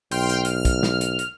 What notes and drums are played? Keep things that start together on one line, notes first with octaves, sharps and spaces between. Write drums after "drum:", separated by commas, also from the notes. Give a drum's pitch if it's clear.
B1 G5 C6 F6, drum: hi-hat
drum: hi-hat
F6, drum: hi-hat
drum: kick, hi-hat
drum: snare
drum: hi-hat
drum: hi-hat